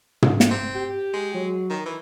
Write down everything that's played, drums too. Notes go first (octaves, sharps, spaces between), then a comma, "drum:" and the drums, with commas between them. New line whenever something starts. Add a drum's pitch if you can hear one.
drum: tom
drum: snare
C4
G4
G#3
F#3
D#3
E3